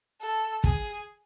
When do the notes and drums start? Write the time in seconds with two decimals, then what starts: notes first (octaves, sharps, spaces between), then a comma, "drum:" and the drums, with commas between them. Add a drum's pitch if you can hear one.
0.21 A4
0.64 G#4, drum: kick